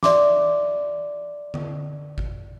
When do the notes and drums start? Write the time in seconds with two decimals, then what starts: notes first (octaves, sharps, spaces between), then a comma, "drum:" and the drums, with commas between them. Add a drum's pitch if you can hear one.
0.03 D5 E5 C6 D6, drum: snare
1.54 drum: tom D3
2.18 drum: kick G#1